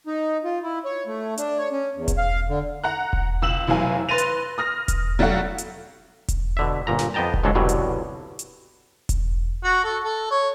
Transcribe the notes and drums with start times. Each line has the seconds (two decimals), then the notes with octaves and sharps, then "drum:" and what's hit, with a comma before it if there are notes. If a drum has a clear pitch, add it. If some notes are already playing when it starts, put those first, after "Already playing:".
0.07 D#4
0.44 F4
0.63 E4
0.85 C#5
1.07 A3
1.38 D4, drum: hi-hat
1.58 C#5
1.72 C#4
1.95 E2
2.08 drum: kick E1, hi-hat
2.18 F5
2.48 D3
2.84 F#5 A#5 F#6
3.13 drum: kick E1
3.42 C#2 E6 E7 F#7
3.67 F1 E3 F#3 F5 G#5
4.09 B4 C6 A6 A#6 D#7 F7
4.18 drum: hi-hat
4.58 D#6 F6 A#6
4.88 drum: kick E1, hi-hat
5.19 F#3 G3 A3 F#4 F5 F#5
5.58 drum: hi-hat
6.28 drum: kick E1, hi-hat
6.57 B2 D3 E5
6.87 G1 A#2 A#5
6.99 drum: snare
7.14 F2 B3 D#5 G5 A5 A#5
7.34 drum: kick E1
7.43 C#2 G#2 D3 F#3 G#3 A4
7.55 C2 G2 B2 D3 F#3
7.69 drum: hi-hat
8.39 drum: hi-hat
9.09 drum: kick E1, hi-hat
9.64 F#4
9.84 A4
10.04 A4
10.31 C#5